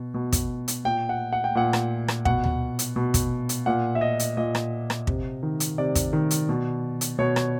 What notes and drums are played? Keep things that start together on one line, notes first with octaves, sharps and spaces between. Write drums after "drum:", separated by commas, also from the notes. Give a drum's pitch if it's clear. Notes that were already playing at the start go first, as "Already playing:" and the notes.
Already playing: B2
B2
drum: kick, hi-hat
drum: hi-hat
A#2 G5
F#5
F#5
G5
A#2 F#5
drum: rim click
drum: rim click
B2 F#5, drum: kick
drum: tom D2
drum: hi-hat
B2
drum: kick, hi-hat
drum: hi-hat
A#2 F#5
E5
D#5
drum: hi-hat
A#2 D#5
drum: rim click
drum: rim click
C3, drum: kick
D#3
drum: hi-hat
C3 D5
drum: kick, hi-hat
D#3
drum: hi-hat
B2
drum: hi-hat
B2 C#5
drum: rim click